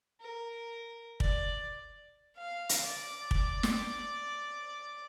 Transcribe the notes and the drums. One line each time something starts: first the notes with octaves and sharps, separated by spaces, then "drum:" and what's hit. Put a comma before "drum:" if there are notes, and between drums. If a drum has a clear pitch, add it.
A#4
D5, drum: kick
F5
drum: hi-hat
D5
drum: kick
drum: snare